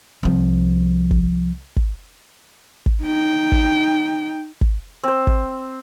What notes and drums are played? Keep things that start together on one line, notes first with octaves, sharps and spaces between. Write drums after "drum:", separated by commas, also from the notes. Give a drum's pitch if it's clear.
C2 F3
drum: kick
drum: kick
drum: kick
D#4 G5
drum: kick
drum: kick
C4 C5
drum: kick